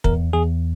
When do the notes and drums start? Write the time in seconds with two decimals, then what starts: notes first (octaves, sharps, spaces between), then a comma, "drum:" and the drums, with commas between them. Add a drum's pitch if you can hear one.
0.04 E2 A#4, drum: kick
0.33 E2 G#4